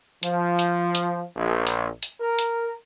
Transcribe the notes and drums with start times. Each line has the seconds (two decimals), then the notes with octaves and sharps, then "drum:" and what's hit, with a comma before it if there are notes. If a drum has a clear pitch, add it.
0.23 F3, drum: hi-hat
0.59 drum: hi-hat
0.95 drum: hi-hat
1.36 A#1
1.67 drum: hi-hat
2.03 drum: hi-hat
2.20 A#4
2.39 drum: hi-hat